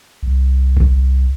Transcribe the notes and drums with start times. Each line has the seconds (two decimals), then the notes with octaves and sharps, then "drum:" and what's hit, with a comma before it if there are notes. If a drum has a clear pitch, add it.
0.23 C2
0.77 drum: kick G1